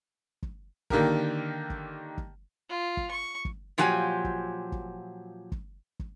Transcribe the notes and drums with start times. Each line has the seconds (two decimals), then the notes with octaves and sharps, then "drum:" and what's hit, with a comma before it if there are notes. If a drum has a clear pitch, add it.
0.43 drum: kick
0.90 D3 D#3 A#3 G4 A#4, drum: kick
1.70 drum: kick
2.18 drum: kick
2.70 F4
2.97 drum: kick
3.11 C#6
3.45 drum: kick
3.78 A#2 F3 F#3 D4 G4 G#5
4.25 drum: kick
4.72 drum: kick
5.52 drum: kick
6.00 drum: kick